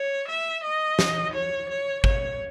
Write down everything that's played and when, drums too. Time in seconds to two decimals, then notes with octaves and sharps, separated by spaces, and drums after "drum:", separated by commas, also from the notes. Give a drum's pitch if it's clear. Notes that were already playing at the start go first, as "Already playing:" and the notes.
Already playing: C#5
0.28 E5
0.64 D#5
0.99 drum: snare
1.34 C#5
1.69 C#5
2.04 C#5, drum: kick